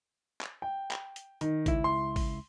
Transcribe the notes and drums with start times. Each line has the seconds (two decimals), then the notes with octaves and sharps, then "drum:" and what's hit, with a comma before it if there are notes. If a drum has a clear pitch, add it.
0.41 drum: clap
0.62 G5
0.91 drum: clap
1.16 drum: hi-hat
1.41 D#3, drum: hi-hat
1.66 C#2 E4, drum: kick, hi-hat
1.84 C6
2.16 drum: kick, open hi-hat